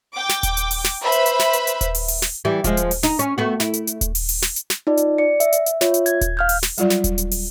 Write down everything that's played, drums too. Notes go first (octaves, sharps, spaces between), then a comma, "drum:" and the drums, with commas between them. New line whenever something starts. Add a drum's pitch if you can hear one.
G5 D6
drum: snare
drum: kick D#1, hi-hat
drum: hi-hat
drum: open hi-hat
drum: snare
B4 C5 E5 B5
drum: hi-hat
drum: hi-hat
drum: snare
drum: hi-hat
drum: hi-hat
drum: kick D#1, hi-hat
drum: open hi-hat
drum: open hi-hat
drum: snare
E3 G3
F3 G#3, drum: kick D#1, hi-hat
drum: hi-hat
drum: open hi-hat
D#4, drum: snare
C#4, drum: hi-hat
A3 B3 F#4
E4, drum: snare
drum: hi-hat
drum: hi-hat
drum: kick D#1, hi-hat
drum: open hi-hat
drum: open hi-hat
drum: snare
drum: hi-hat
drum: snare
D#4 F4 D5
drum: hi-hat
D5 C#7
E5, drum: hi-hat
drum: hi-hat
drum: hi-hat
F4 C#5 E5, drum: snare
drum: hi-hat
G#6, drum: hi-hat
drum: kick D#1, hi-hat
F5 F6 G6
drum: open hi-hat
drum: snare
F#3 G3 F4 D5, drum: hi-hat
drum: snare
drum: kick D#1, hi-hat
drum: hi-hat
drum: open hi-hat